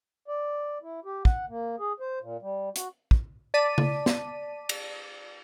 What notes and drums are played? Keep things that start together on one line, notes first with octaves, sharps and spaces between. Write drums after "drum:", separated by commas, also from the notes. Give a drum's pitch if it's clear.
D5
E4
G4
F#5, drum: kick
A#3
G#4
C5
A#2
G3
F#4, drum: hi-hat
drum: kick
D5 A5 B6 D#7
drum: tom C#3
drum: snare
drum: cymbal